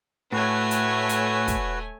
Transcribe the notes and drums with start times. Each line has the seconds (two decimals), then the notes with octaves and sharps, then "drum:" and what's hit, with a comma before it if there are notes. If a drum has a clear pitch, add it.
0.32 A2 A3 F#4 B4 C#5 G#5
0.71 drum: hi-hat
1.09 drum: hi-hat
1.48 drum: kick, hi-hat